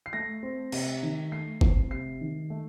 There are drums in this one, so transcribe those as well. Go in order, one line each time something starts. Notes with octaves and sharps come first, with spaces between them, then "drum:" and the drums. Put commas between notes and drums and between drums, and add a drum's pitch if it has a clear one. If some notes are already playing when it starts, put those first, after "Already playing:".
C7
A3 A#6
C4
C3, drum: cymbal
D#3
A3 C7
C4, drum: kick F#1
C3 C7
D#3
A3